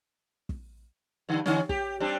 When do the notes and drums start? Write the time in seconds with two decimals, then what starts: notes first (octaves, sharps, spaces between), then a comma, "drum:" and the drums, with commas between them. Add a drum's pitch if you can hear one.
0.49 drum: kick
1.29 G2 D3
1.46 D3 C#4, drum: snare
1.69 G4, drum: kick
2.00 G3 C4 D4